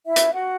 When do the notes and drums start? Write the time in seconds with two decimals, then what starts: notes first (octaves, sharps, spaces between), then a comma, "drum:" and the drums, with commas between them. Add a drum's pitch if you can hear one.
0.06 E4 E5
0.16 drum: hi-hat
0.33 F#4 F#5